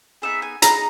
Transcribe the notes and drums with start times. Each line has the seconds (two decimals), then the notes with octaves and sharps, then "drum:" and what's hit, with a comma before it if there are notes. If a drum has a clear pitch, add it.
0.22 B3 D#4 G#4 E5
0.42 G#5
0.62 B3 D#4 G#4 A#5, drum: hi-hat